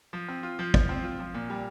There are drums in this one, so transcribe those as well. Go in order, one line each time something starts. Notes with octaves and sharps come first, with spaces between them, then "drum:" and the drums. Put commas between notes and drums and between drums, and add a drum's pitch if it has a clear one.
F3
C4
F4
F3
F3, drum: kick
C4
F4
F3
A#2
G3